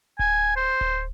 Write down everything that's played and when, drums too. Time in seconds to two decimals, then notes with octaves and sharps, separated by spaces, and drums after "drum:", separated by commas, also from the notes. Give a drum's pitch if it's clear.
0.19 G#5, drum: kick D1
0.56 C5
0.81 drum: kick D1